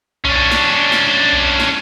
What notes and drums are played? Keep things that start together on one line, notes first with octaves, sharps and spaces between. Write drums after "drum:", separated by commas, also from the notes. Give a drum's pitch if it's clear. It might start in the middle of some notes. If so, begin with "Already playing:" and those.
C#4 D4, drum: kick B1
drum: snare
drum: snare
drum: kick B1
drum: snare